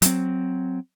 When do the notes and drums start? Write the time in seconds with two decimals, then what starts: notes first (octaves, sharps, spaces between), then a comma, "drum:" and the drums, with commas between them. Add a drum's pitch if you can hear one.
0.02 F#3 C4, drum: hi-hat